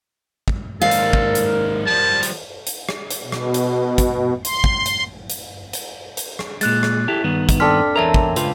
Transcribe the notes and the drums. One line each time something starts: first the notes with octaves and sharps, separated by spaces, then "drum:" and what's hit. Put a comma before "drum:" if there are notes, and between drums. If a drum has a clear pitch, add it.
drum: kick
D#2 G#2 A4 A#4 D5 F5
drum: hi-hat
drum: kick
drum: hi-hat
F3 G3 A5
drum: hi-hat
drum: hi-hat
drum: rim click
drum: hi-hat
B2
drum: rim click
drum: hi-hat
drum: kick, hi-hat
C6, drum: hi-hat
drum: kick
drum: hi-hat
drum: hi-hat
drum: hi-hat
drum: hi-hat
drum: rim click
A#2 G#3 F#6 A6, drum: hi-hat
drum: rim click
E4 G4 A4
G2 D#3 B3
drum: kick, hi-hat
C4 D4 A4 F6 B6
E2 A#4 C#5 E5 A5 A#5
drum: kick
C#2 F4 B4 C5 F5, drum: hi-hat